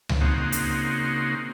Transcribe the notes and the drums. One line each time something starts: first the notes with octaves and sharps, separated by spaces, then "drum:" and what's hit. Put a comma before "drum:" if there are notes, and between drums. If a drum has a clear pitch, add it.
drum: tom C#2
C#3 A#3 C4 D#4 F#4
drum: hi-hat